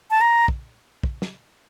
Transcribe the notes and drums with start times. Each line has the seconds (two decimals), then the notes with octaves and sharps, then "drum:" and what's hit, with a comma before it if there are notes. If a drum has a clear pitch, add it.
0.11 A5
0.21 A#5
0.48 drum: kick
1.03 drum: kick
1.22 drum: snare